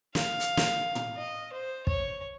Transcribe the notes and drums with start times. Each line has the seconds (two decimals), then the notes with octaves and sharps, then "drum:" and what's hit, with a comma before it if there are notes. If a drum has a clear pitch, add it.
0.15 F5, drum: snare
0.40 drum: hi-hat
0.57 drum: snare
0.95 drum: tom
1.17 D#5
1.53 C5
1.87 C#5, drum: kick